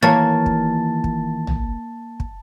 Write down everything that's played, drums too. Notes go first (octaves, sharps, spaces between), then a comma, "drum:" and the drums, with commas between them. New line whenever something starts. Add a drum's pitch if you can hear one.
D#2 E3 A#3 C#5 A5 A6
drum: kick
drum: kick
drum: tom
drum: kick